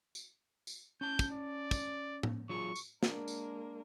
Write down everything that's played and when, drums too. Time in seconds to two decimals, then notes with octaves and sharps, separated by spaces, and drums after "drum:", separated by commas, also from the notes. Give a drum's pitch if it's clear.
0.15 drum: tambourine
0.67 drum: tambourine
1.01 C#4 A5 G6
1.19 drum: kick, tambourine
1.32 D5
1.71 drum: kick, tambourine
2.23 drum: tom A2
2.49 F#3 F4 G#4 C#6
2.75 drum: tambourine
3.03 G#3 A#3 D4 A#4, drum: snare
3.28 drum: tambourine